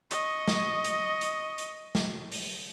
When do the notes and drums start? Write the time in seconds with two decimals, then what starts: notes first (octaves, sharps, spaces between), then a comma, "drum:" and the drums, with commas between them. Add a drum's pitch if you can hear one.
0.11 D#5 C#6, drum: hi-hat
0.48 drum: snare
0.84 drum: hi-hat
1.21 drum: hi-hat
1.58 drum: hi-hat
1.95 drum: snare
2.32 drum: open hi-hat